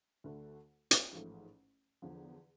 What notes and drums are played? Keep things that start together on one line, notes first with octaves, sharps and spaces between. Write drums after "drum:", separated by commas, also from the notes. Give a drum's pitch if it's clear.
D2 D3 A3
drum: hi-hat
A1 G#2 F3 A3
E2 D3 F3